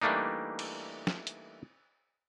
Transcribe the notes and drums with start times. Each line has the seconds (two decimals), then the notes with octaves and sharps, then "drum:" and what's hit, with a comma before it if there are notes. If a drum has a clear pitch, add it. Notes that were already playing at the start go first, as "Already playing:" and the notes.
0.02 E3 G3 A3 A#3 D4 D#4
0.59 drum: cymbal
1.07 drum: snare
1.27 drum: hi-hat